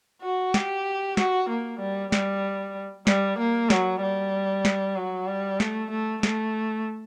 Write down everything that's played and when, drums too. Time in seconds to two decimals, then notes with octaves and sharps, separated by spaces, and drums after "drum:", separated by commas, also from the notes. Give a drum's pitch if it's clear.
0.22 F#4
0.54 G4, drum: snare
1.17 F#4, drum: snare
1.49 A#3
1.80 G3
2.12 G3, drum: snare
3.07 G3, drum: snare
3.39 A#3
3.70 F#3, drum: snare
4.02 G3
4.65 drum: snare
4.96 F#3
5.27 G3
5.60 A3, drum: snare
5.91 A3
6.23 A3, drum: snare